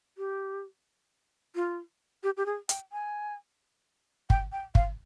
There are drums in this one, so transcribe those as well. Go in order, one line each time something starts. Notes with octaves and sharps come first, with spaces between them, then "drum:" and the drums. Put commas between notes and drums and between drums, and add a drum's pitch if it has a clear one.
G4
F4
G4
G4
G#4
G5, drum: hi-hat
G#5
G5, drum: kick
G5
F5, drum: kick